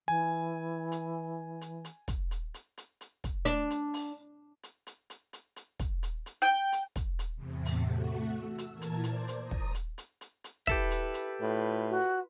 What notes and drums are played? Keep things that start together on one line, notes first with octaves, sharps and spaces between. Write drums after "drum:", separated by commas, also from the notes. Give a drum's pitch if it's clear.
E3 G#5
drum: hi-hat
drum: hi-hat
drum: hi-hat
drum: kick, hi-hat
drum: hi-hat
drum: hi-hat
drum: hi-hat
drum: hi-hat
drum: kick, hi-hat
D4, drum: hi-hat
drum: hi-hat
drum: open hi-hat
drum: hi-hat
drum: hi-hat
drum: hi-hat
drum: hi-hat
drum: hi-hat
drum: kick, hi-hat
drum: hi-hat
drum: hi-hat
G5
drum: hi-hat
drum: kick, hi-hat
drum: hi-hat
E2 A2 C3
drum: open hi-hat
A3 F#4
E6
drum: hi-hat
A#2 E3 A#4 A5 G#6
drum: hi-hat
C5 D5, drum: hi-hat
drum: hi-hat
A#5 D#6
drum: kick
drum: hi-hat
drum: hi-hat
drum: hi-hat
drum: hi-hat
E4 G4 A4 B4 E5, drum: kick, hi-hat
drum: hi-hat
drum: hi-hat
A2 F4 B4
F#4